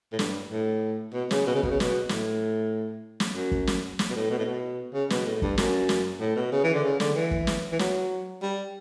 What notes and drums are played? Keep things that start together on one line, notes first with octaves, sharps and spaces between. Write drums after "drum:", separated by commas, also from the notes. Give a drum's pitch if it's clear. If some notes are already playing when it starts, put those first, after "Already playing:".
A2
G2, drum: snare
A2
B2
C#3, drum: snare
B2
C#3
B2, drum: kick
C#3
B2, drum: snare
A2, drum: snare
drum: snare
F#2
drum: kick
drum: snare
drum: snare
B2
A2
B2
A2
B2
C#3
B2, drum: snare
A2
A2
G2, drum: kick
F#2, drum: snare
drum: snare
A2
B2
C#3
E3
D3
C#3
D3, drum: snare
E3
drum: kick
drum: snare
E3
F#3, drum: snare
G3